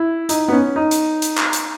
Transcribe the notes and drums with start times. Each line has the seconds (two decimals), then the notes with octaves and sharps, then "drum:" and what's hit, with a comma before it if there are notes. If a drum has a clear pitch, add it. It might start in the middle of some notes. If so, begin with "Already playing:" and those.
Already playing: E4
0.29 D#4, drum: hi-hat
0.48 B3
0.52 C#4
0.76 D#4
0.91 drum: hi-hat
1.22 drum: hi-hat
1.37 drum: clap
1.53 drum: hi-hat